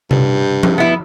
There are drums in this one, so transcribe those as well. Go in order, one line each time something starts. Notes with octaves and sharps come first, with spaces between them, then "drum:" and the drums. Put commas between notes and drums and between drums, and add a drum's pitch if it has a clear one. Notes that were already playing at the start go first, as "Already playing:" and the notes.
G2, drum: tom C3
drum: tom F3
B3 E4